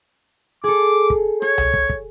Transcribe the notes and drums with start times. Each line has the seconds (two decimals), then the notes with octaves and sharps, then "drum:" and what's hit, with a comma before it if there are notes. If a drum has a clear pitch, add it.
0.64 G#4 A4 D6
1.10 drum: kick
1.42 C#5, drum: rim click
1.58 drum: tom C2
1.74 drum: kick
1.90 drum: kick